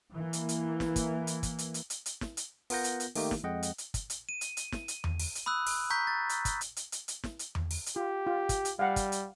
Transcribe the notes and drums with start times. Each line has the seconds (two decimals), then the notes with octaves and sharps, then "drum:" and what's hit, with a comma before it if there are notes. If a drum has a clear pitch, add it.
0.14 E3 A#3
0.33 drum: hi-hat
0.49 drum: hi-hat
0.80 drum: snare
0.96 drum: kick, hi-hat
1.27 drum: hi-hat
1.43 drum: kick, hi-hat
1.59 drum: hi-hat
1.74 drum: hi-hat
1.90 drum: hi-hat
2.06 drum: hi-hat
2.21 drum: snare
2.37 drum: hi-hat
2.70 B3 F4 A#4 F#5 G6 A#6, drum: open hi-hat
2.84 drum: hi-hat
3.00 drum: hi-hat
3.15 D#3 A3 A#3 D#4 G4, drum: open hi-hat
3.31 drum: snare
3.44 F2 G#3 D#5 F#5 G5
3.63 drum: hi-hat
3.78 drum: hi-hat
3.94 drum: kick, hi-hat
4.10 drum: hi-hat
4.29 D#7
4.41 drum: hi-hat
4.57 drum: hi-hat
4.72 drum: snare
4.88 drum: hi-hat
5.04 drum: tom E2
5.20 drum: open hi-hat
5.35 drum: hi-hat
5.46 B5 D#6 E6 F#6
5.67 drum: open hi-hat
5.90 A#5 C#6 G6 B6
6.07 A6
6.29 drum: hi-hat
6.45 drum: kick, hi-hat
6.61 drum: hi-hat
6.76 drum: hi-hat
6.92 drum: hi-hat
7.08 drum: hi-hat
7.24 drum: snare
7.39 drum: hi-hat
7.55 drum: tom E2
7.71 drum: open hi-hat
7.86 drum: hi-hat
7.96 F4 G4
8.27 F4
8.49 drum: kick, hi-hat
8.65 drum: hi-hat
8.79 G3 F5 F#5
8.96 drum: kick, hi-hat
9.12 drum: hi-hat